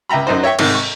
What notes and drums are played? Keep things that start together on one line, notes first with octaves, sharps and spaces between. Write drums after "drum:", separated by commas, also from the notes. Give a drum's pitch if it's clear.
C#2 E5 G5 A#5 B5
F#2 F#3 D#4 C5
C#5 E5 G5 C#6
G#2 C3 D#3, drum: cymbal
C#6